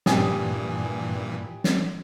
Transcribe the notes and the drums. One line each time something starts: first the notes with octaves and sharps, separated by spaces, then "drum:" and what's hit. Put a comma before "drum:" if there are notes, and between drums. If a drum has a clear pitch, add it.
G2 A#2 E3 G4 G#5 D#6, drum: snare
drum: snare